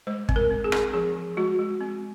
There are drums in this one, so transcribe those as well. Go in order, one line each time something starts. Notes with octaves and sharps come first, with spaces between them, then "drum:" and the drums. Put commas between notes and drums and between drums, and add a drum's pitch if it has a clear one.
G#3 C5
C4, drum: kick
A#4
C4
G#4
C4, drum: rim click
F3 G#4
F3
G#3 F#4
G#3
C4